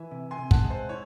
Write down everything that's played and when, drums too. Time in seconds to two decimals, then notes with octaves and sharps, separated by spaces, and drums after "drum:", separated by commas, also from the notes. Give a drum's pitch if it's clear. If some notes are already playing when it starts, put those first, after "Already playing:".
Already playing: E3 E5 G#5
0.11 C3
0.31 G#5 C6
0.38 C3
0.51 F#5 A5, drum: kick
0.64 G#3
0.70 C5
0.89 E4 C#5